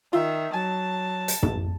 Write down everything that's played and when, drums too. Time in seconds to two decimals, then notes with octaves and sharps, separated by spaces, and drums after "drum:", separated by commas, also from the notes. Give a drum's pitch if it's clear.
0.13 D#3 F4 E5
0.54 F#3 G#5 A5
1.28 drum: hi-hat
1.43 A1, drum: tom